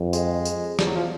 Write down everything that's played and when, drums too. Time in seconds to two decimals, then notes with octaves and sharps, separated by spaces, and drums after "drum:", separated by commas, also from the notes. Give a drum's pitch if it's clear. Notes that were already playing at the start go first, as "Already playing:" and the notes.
Already playing: F2
0.13 G#3, drum: tambourine
0.45 drum: tambourine
0.79 E2 G3, drum: snare
0.86 F#3
0.95 F3